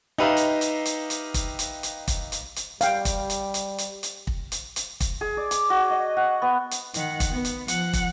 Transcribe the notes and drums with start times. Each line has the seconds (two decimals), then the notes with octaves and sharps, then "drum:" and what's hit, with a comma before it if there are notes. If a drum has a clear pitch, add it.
0.18 D#4 G4 B4 E5 F5 A#5
0.37 drum: hi-hat
0.61 drum: hi-hat
0.86 drum: hi-hat
1.10 drum: hi-hat
1.34 drum: kick, hi-hat
1.59 drum: hi-hat
1.83 drum: hi-hat
2.08 drum: kick, hi-hat
2.32 drum: hi-hat
2.56 drum: hi-hat
2.81 G3 F5 G5, drum: hi-hat
3.05 drum: kick, hi-hat
3.30 drum: hi-hat
3.54 drum: hi-hat
3.78 drum: hi-hat
4.03 drum: hi-hat
4.27 drum: kick
4.52 drum: hi-hat
4.76 drum: hi-hat
5.00 drum: kick, hi-hat
5.21 G#4
5.37 D5
5.51 D6, drum: hi-hat
5.70 F#4
5.90 D#5
6.17 F#5
6.42 B3
6.71 drum: hi-hat
6.94 D#3 F#5, drum: hi-hat
7.20 drum: kick, hi-hat
7.32 B3
7.45 drum: hi-hat
7.68 F3 F#5, drum: hi-hat
7.93 drum: kick, hi-hat